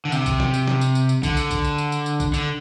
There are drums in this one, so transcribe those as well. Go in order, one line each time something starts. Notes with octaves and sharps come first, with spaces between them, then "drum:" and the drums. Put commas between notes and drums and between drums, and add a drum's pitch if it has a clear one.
D3
C3, drum: tambourine
drum: kick, tambourine
drum: snare
drum: tambourine
drum: snare
drum: tambourine
drum: tambourine
drum: tambourine
D3, drum: kick, tambourine
drum: tambourine
drum: kick, tambourine
drum: tambourine
drum: tambourine
drum: tambourine
drum: tambourine
drum: kick, tambourine
D3, drum: tambourine